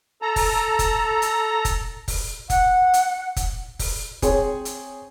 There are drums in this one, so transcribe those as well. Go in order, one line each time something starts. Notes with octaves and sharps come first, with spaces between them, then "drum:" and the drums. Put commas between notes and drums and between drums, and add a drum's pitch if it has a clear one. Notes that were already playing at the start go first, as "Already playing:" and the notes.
A4 A#5
drum: kick, open hi-hat
drum: kick, hi-hat
drum: hi-hat
drum: kick, hi-hat
drum: kick, open hi-hat
F#5, drum: kick, hi-hat
drum: hi-hat
drum: kick, hi-hat
drum: kick, open hi-hat
C4 G#4 C#5, drum: kick, hi-hat
drum: hi-hat